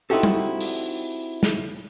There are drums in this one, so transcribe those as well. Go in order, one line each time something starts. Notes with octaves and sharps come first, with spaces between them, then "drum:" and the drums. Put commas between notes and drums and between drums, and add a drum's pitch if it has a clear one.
C4 D#4 E4 F#4 G4 A4
drum: tom G3
drum: open hi-hat
drum: snare